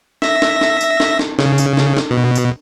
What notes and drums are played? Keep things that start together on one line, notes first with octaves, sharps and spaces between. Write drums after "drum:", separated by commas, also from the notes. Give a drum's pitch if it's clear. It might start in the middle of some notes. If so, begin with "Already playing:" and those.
E5 A#6, drum: snare
drum: snare
drum: snare
drum: tambourine
drum: snare
drum: snare
C#3, drum: snare
drum: tambourine
drum: snare
drum: snare
B2
drum: tambourine